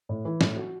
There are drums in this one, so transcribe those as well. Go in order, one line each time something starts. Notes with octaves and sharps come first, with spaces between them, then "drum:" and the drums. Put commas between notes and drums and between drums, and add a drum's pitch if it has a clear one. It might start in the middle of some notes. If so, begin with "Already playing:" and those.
A2
E3
A2, drum: snare
F#4